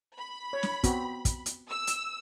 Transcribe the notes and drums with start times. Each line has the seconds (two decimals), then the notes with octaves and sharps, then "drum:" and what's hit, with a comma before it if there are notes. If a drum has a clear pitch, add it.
0.18 B5
0.53 C#5
0.63 drum: snare
0.84 B3 C4 F#4, drum: kick, hi-hat
1.25 drum: kick, hi-hat
1.46 drum: hi-hat
1.70 E6
1.87 drum: hi-hat